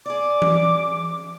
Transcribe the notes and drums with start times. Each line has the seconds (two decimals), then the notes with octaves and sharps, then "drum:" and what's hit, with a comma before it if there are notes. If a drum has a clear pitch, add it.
0.06 G#4 D5 D6
0.42 drum: tom E3